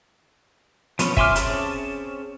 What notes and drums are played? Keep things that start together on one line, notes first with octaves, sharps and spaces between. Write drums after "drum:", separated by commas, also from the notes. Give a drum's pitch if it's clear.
F3 B3 C#4, drum: hi-hat
E5 G#5 C6 D6 F6, drum: kick
C4 C#4 G#4 A5, drum: hi-hat